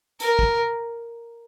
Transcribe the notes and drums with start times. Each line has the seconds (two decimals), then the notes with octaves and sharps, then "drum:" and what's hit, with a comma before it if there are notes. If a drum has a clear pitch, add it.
0.20 A#4, drum: hi-hat
0.39 drum: kick